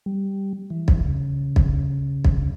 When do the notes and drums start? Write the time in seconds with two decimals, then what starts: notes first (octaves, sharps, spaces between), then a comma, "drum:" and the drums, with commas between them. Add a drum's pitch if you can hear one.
0.06 G3
0.70 E3
0.88 drum: kick
1.05 C#3
1.56 drum: kick
2.25 drum: kick